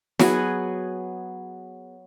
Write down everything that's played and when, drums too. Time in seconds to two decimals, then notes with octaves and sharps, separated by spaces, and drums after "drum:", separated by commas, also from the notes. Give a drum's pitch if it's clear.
0.20 F#3 B3 G#4, drum: snare